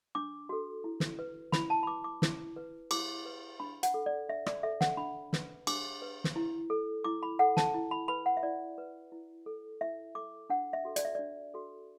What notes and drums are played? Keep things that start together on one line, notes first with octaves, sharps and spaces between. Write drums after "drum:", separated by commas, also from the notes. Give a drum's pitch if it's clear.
D4 D6
F#4 A4
E4
drum: snare
B4
E4 B5, drum: snare
A5
B5
B4 D6
D6
E4, drum: snare
B4
E4 D6, drum: cymbal
B4
D4 B5
F#5, drum: hi-hat
A4
D5
D4 E5
D5, drum: rim click
A4 E5
F#5, drum: snare
D4 B5
B4, drum: snare
D4 D6, drum: cymbal
B4
drum: snare
E4
A4
E4 D6
B5
A4 F#5
A5, drum: snare
E4
B5
B4 B5
F#5
E5
E4 D5
B4
E4
A4
E4 E5
A4 D6
D4 F#5
E5
F#4 A4
D5, drum: hi-hat
E5
D4 D5
F#4 A4